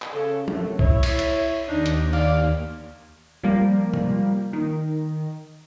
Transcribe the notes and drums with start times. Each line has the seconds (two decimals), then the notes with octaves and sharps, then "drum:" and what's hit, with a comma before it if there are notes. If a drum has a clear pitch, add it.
0.02 drum: clap
0.13 C#3 A4
0.48 F#2 C3 A3, drum: tom F3
0.79 E4 C#5, drum: kick B1
1.03 drum: cymbal
1.19 drum: hi-hat
1.68 D#2 D4 D#4
1.86 drum: hi-hat
2.13 D5 F5, drum: cymbal
3.43 F3 G3 A#3
3.94 drum: tom
4.53 D#3